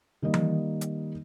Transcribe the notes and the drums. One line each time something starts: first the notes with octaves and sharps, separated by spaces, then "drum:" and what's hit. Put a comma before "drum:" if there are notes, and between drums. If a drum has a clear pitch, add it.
D#3 G3 A#3 D#5
drum: tom E3
drum: hi-hat